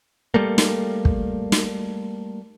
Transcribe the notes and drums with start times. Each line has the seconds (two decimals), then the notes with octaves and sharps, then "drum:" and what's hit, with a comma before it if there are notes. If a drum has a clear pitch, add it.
0.34 G3 A3 A#3
0.58 drum: snare
1.05 drum: kick
1.52 drum: snare